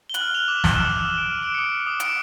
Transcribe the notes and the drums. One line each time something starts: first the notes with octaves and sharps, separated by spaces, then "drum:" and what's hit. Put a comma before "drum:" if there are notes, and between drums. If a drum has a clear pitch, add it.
G7
F#6 F#7, drum: hi-hat
F6
F6 F7
D6
F6 F7
drum: snare
E6 F6 E7
F6
D7
F6 D#7
D6 D7
C#7
D6 D#6 D7
D#6
D6 D7, drum: hi-hat